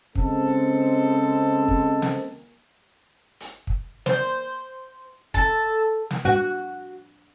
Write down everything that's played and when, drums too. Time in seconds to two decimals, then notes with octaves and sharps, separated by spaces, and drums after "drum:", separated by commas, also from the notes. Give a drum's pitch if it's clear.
0.15 C#3 G#3 C4 A4, drum: kick
1.68 drum: kick
2.02 drum: snare
3.40 drum: hi-hat
3.67 drum: kick
4.06 C5, drum: snare
5.34 A4, drum: kick
6.11 drum: snare
6.25 F#4